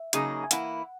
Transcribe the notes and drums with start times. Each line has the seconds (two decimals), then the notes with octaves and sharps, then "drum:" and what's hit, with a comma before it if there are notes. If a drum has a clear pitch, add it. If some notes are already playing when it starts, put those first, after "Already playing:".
Already playing: E5
0.13 C#3 F#3 A#3 D#4 G#4, drum: hi-hat
0.44 G#5
0.51 E3 A#3 E4 F#5, drum: hi-hat